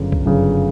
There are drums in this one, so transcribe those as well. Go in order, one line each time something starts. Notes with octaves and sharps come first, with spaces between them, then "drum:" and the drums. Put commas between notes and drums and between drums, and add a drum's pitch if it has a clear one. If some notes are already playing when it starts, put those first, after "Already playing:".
Already playing: G1 F#2 C#3
drum: kick
G1 F#2 C#3